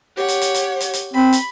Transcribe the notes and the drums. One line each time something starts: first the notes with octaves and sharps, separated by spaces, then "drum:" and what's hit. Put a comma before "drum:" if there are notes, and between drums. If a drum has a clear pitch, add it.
G4 C#5 F#5
drum: hi-hat
drum: hi-hat
drum: hi-hat
drum: hi-hat
drum: hi-hat
C4 B5
drum: hi-hat